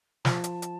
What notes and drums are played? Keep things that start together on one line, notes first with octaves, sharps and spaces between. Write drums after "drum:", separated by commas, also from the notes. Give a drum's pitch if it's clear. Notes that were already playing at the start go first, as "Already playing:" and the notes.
F3 A5, drum: snare
drum: hi-hat
drum: hi-hat